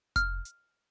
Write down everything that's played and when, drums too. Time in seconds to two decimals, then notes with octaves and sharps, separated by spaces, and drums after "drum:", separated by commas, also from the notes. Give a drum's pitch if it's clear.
0.16 F6, drum: kick F1, hi-hat
0.45 drum: hi-hat